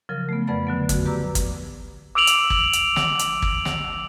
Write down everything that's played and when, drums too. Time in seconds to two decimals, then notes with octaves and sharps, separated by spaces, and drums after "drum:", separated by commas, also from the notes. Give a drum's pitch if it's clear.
0.09 C#3 F3 F#3 A#4
0.29 A3 B3
0.47 F2 B4 D5 F#5 B5 A6
0.67 D3 F#3 B3
0.89 F2 F#4, drum: kick, hi-hat
1.06 G4 B4 D5 A#5 D6 E6
1.35 drum: kick, hi-hat
2.15 D6 E6 D7 F7 F#7
2.27 drum: hi-hat
2.50 drum: kick
2.73 drum: hi-hat
2.96 drum: snare
3.19 drum: hi-hat
3.42 drum: kick
3.65 drum: snare